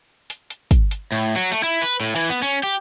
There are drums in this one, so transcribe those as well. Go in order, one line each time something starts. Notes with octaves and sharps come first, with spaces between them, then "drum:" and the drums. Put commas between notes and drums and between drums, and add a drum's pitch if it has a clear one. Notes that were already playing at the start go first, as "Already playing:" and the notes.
drum: hi-hat
drum: hi-hat
drum: kick, hi-hat
drum: hi-hat
A2, drum: open hi-hat
F#3
A3, drum: hi-hat
E4
B4
A2
E3, drum: hi-hat
B3
C#4
G4